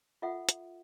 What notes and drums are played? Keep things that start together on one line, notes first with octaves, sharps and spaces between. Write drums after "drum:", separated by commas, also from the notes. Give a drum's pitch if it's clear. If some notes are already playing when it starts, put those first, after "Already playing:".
F4 A4 E5 F#5
drum: hi-hat